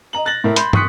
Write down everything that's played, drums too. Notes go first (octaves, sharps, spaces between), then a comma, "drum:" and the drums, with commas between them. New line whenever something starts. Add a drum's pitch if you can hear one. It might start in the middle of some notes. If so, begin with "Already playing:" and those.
D#5 A#5 F#7
F#6 A6 A#6 F#7
A2 A#4 E5
B5 C6 G6, drum: hi-hat
C6 C#6 D#6 F#6 B6 C#7, drum: tom